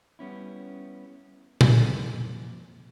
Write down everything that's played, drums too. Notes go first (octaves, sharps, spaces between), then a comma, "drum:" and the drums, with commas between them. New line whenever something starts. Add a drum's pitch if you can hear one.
G3 B3 C#4 E4
F2 A#2, drum: tom A#2